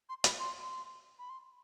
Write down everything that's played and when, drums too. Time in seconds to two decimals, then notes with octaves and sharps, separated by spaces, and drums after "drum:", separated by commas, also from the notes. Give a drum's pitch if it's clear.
0.09 C6
0.24 B5, drum: hi-hat
0.39 C6
0.61 C6
1.19 B5
1.30 C6